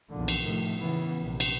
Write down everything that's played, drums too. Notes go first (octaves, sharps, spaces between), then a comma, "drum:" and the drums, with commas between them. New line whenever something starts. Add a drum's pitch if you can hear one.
B1 E2 A#2 D3 F3
drum: cymbal
A2 C3 D#3 F3 A3
C#3 E3 B3
A#1 C3
drum: cymbal